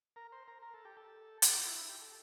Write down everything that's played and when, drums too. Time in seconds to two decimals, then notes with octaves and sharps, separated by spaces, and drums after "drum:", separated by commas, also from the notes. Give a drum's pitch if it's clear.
0.16 A#4
0.32 C5
0.48 A#4
0.62 A#4
0.74 A4
0.85 G4
0.97 A4
1.42 drum: hi-hat
1.54 F4
1.66 E4
1.78 E4
1.89 G4
2.01 A4